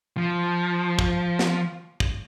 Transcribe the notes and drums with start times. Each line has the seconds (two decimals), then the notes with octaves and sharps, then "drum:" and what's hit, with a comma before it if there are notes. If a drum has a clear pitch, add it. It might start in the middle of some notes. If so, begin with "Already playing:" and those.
0.17 F3
0.99 drum: kick
1.39 drum: snare
2.00 drum: kick